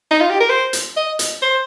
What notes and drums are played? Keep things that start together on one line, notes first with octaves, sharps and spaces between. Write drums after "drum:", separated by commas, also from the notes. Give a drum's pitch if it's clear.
D#4
F4
G4
A#4
C5
drum: hi-hat
D#5
drum: hi-hat
C5